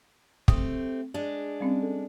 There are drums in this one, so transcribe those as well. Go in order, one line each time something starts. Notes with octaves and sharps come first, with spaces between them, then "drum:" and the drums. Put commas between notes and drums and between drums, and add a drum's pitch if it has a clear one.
A3 C4 G4 D#6, drum: kick
G#3 D4
G3 C4 C#4
A4